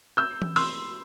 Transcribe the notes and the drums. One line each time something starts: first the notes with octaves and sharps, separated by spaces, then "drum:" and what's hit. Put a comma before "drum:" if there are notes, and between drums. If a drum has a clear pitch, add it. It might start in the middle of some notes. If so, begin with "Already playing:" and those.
E6 G6
drum: tom E3
C6 E6, drum: open hi-hat